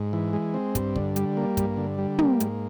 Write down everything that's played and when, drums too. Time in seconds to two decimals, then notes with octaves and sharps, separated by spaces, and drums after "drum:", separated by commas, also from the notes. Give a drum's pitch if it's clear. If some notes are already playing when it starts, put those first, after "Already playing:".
Already playing: G#2
0.13 E3
0.33 G#3
0.54 C4
0.75 G2, drum: kick, hi-hat
0.96 D3, drum: kick
1.16 G3, drum: hi-hat
1.37 A#3
1.57 G2, drum: kick, hi-hat
1.77 D3
1.98 G3
2.18 A#3, drum: tom
2.40 G#2, drum: hi-hat